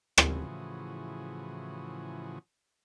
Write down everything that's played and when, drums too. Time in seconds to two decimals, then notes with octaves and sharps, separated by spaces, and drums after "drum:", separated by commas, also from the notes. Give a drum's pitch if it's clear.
0.18 A2 C#3 E3 F3 F#4 G#4, drum: rim click